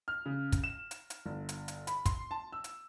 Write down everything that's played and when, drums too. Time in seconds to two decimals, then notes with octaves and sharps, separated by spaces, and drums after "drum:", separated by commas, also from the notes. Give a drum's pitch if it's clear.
0.08 F6
0.26 C#3
0.52 drum: kick, hi-hat
0.64 E7
0.91 drum: hi-hat
1.10 drum: hi-hat
1.25 G1
1.49 drum: hi-hat
1.68 drum: hi-hat
1.87 B5, drum: hi-hat
2.06 C6, drum: kick, hi-hat
2.31 A5
2.52 E6
2.64 drum: hi-hat